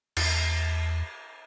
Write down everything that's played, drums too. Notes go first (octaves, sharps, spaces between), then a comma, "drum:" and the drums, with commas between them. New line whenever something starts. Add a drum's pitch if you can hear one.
E2, drum: cymbal